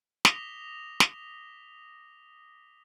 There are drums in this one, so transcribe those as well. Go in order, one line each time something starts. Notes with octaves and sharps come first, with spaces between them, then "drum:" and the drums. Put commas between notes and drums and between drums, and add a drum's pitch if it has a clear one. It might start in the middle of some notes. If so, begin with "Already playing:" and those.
D6 D#6 A#6 B6 F7 G7, drum: snare
drum: snare